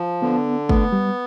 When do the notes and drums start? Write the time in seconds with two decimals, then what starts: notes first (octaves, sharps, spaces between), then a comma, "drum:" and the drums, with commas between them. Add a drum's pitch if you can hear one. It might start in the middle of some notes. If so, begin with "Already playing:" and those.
Already playing: F3
0.22 D3 B3
0.69 A3 B3, drum: kick
0.92 G3